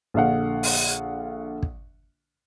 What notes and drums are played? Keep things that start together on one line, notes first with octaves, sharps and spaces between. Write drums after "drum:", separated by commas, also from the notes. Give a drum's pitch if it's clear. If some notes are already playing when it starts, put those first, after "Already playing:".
A#1 D3 F5 F#5
drum: open hi-hat
drum: kick